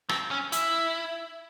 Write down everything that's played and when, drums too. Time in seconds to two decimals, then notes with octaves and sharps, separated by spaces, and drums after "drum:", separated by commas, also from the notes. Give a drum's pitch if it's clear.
0.09 C4, drum: rim click
0.31 C#4
0.52 E4, drum: hi-hat